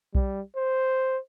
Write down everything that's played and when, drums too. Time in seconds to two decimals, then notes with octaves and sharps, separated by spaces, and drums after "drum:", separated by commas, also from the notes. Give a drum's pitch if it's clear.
0.15 G3, drum: kick B1
0.56 C5